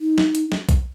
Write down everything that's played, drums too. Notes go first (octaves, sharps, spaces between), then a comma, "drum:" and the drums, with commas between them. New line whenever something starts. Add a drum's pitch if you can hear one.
D#4
drum: snare
drum: hi-hat
drum: snare
drum: kick, hi-hat